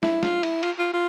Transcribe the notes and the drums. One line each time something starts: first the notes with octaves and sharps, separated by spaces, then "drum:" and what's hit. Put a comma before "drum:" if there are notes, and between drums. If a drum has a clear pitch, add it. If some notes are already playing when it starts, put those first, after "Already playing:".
E4, drum: snare
F4, drum: snare
E4, drum: cymbal
F4, drum: cymbal
F4
F4